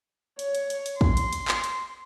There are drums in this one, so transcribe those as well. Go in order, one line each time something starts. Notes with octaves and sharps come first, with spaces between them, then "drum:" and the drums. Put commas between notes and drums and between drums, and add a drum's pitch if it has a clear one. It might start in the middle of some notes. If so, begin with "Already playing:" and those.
C#5, drum: hi-hat
drum: hi-hat
drum: hi-hat
drum: hi-hat
C6, drum: kick
drum: hi-hat
drum: hi-hat
drum: clap
drum: hi-hat